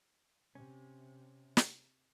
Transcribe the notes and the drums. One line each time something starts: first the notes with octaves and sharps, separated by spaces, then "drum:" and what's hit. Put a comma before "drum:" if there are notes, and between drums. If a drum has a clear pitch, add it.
C3 C#4
drum: snare